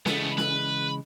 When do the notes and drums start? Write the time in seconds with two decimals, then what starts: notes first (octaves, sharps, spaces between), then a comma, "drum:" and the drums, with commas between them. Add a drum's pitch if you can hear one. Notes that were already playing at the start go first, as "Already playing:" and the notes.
0.06 C#3 E3 G#3 A3 B3, drum: snare
0.38 B4, drum: snare